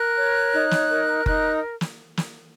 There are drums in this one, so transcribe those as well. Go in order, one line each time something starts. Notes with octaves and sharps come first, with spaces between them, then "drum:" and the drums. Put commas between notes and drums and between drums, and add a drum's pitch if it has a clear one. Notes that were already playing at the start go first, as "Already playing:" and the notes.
Already playing: A#4 F#6
C#5
D#4
drum: snare
A#4
D#4 F#6, drum: kick F#1
drum: snare
drum: snare